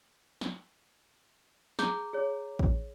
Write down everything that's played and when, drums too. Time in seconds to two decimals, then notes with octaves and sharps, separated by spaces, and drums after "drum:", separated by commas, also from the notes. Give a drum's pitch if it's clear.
0.41 drum: snare
1.79 G#4 A#5 D6 G6, drum: snare
2.13 G#4 C#5
2.59 drum: kick A1